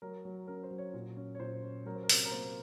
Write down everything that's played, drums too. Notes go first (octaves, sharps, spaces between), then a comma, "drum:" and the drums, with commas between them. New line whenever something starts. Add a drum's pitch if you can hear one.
F#3 A#4
F#3
C#4 A#4
C5
F#3
C#5
A#2
C#4
C#5
A#2 C5
C#4
F#3 A#4
C5
A#4
C3, drum: open hi-hat
A#4
A#3 C5